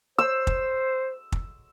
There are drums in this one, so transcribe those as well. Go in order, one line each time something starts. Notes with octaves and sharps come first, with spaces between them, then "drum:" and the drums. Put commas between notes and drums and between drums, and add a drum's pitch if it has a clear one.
C5 E6
drum: kick
drum: kick